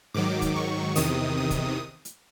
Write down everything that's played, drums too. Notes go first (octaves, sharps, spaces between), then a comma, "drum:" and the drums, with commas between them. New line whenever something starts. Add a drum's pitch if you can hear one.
G#2 D#3 F#3 D6
drum: kick, hi-hat
C#6
E2 C3 D#3 D#6, drum: open hi-hat
D#6
drum: kick, hi-hat
drum: hi-hat